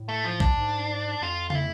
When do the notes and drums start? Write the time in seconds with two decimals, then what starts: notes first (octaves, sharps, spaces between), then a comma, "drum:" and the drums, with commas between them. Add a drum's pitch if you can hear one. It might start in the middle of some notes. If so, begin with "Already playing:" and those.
Already playing: A2
0.09 A3
0.24 F3
0.40 D4, drum: kick
0.57 G#2
1.21 F2 F4
1.50 F4, drum: tom C#3
1.55 E4